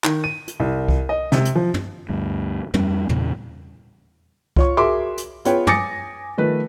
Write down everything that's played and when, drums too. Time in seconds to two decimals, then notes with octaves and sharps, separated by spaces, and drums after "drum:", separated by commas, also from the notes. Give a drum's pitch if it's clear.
0.04 D#3, drum: clap
0.24 D#7
0.48 drum: hi-hat
0.60 C2
0.88 drum: kick C2
1.09 D#5
1.32 C3, drum: snare
1.45 drum: hi-hat
1.56 F3
1.74 drum: tom
2.09 D2 G2
2.74 F2 G3 C#4, drum: tom
3.09 E2 A#2 C#3, drum: tom
4.56 F4 C#5 C#6, drum: kick C2
4.77 F#4 G#4 A#4 E5 C6 D6
5.17 drum: hi-hat
5.45 B3 F4 G#4 B4 C#5 G5, drum: hi-hat
5.67 G#5 D6 D#6 A6 A#6 C#7, drum: tom
6.37 D#3 F3 A3 B4